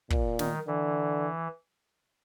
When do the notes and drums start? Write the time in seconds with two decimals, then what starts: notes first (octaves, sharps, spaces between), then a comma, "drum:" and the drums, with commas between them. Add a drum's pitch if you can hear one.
0.10 A#2, drum: kick
0.39 D#3, drum: snare
0.67 D3 E3